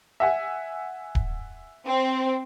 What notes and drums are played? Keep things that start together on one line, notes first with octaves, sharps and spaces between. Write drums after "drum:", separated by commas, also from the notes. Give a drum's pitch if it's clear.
E5 F#5 G#5
drum: kick D1
C4